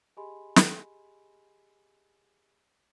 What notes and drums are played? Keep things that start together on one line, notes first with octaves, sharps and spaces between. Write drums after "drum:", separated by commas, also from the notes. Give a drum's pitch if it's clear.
G4 G#4 D#5 G#5 B5 C6
drum: snare